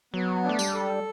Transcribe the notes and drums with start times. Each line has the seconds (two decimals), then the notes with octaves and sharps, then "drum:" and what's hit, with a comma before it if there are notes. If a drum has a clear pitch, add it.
0.14 F#3 B3
0.44 D4
0.49 A3
0.59 G3, drum: tambourine
0.74 A4